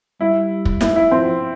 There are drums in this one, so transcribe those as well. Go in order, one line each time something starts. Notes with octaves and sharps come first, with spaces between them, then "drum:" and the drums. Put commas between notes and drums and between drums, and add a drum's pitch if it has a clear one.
G3 E4
drum: kick
E4, drum: snare
E4
F3 C4